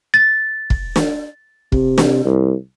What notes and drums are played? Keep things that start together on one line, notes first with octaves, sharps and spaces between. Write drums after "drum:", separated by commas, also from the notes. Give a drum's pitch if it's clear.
A6
drum: kick
drum: snare
C3, drum: kick
drum: snare
C2